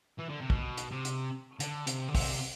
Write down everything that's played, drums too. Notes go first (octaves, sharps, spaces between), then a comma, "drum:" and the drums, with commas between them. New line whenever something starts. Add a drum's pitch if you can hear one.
E3
D3
C3
B2, drum: kick
drum: hi-hat
C3
drum: hi-hat
D3, drum: hi-hat
C3, drum: hi-hat
D3
C3, drum: kick, open hi-hat